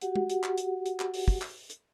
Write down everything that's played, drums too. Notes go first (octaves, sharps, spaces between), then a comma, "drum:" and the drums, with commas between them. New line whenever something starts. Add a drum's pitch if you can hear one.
F#4 G4 F#5, drum: hi-hat
drum: tom
drum: hi-hat
drum: clap
drum: hi-hat
drum: hi-hat
drum: clap
drum: open hi-hat
drum: kick
drum: clap
drum: hi-hat